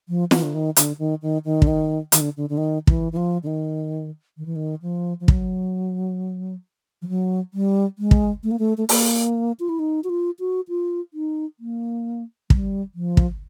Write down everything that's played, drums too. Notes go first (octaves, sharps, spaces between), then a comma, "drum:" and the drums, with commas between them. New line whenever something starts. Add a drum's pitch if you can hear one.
F3
E3, drum: snare
D3
D#3
D3, drum: hi-hat
D#3
D#3
D#3
D3, drum: kick
D#3
D#3, drum: hi-hat
D3
D3
D3
D#3
E3, drum: kick
E3
F3
D3
D#3
D#3
E3
D#3
F3
F3
F#3, drum: kick
F3
F#3
G3
G#3
drum: kick
A3
A#3
A3
A3
A#3, drum: open hi-hat
F4
E4
D#4
F#4
F4
F#4
F4
D#4
A#3
G3, drum: kick
F3
drum: kick